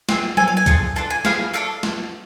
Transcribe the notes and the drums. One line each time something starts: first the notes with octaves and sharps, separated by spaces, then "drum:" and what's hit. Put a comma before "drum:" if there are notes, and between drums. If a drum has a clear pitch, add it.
C4 G#4, drum: snare
C4 F4 A4 G#5, drum: tom F#3
F5
G#5
A3 D4 F4 G#4, drum: kick C2, hi-hat
D4 F4 A4 A5
G#5
C4 E4 G#4 F5, drum: snare
A3 D4 A4 F5
drum: snare